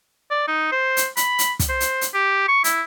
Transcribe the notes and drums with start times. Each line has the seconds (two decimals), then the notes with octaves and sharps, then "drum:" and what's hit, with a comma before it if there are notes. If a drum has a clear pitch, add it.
0.31 D5
0.48 D#4
0.72 C5
0.97 drum: hi-hat
1.17 B5, drum: hi-hat
1.39 drum: hi-hat
1.59 drum: kick, hi-hat
1.69 C5
1.80 drum: hi-hat
2.01 drum: hi-hat
2.14 G4
2.48 C#6
2.64 E4, drum: hi-hat